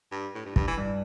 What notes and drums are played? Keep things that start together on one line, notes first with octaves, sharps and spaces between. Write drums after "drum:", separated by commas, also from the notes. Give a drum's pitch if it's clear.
G2
A2
G2
G2, drum: kick
E3
G2